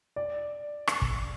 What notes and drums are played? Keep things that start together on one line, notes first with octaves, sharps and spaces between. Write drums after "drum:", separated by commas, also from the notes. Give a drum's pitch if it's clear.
D5
drum: rim click
drum: kick